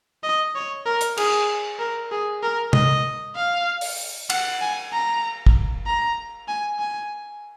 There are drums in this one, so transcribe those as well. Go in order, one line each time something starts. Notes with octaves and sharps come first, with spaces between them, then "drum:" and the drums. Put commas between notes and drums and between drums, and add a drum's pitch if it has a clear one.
D#5
C#5
A#4
drum: hi-hat
G#4, drum: cymbal
A#4
G#4
A#4
D#5, drum: tom C3
F5
drum: open hi-hat
F#5, drum: cymbal
G#5
A#5
drum: kick
A#5
G#5
G#5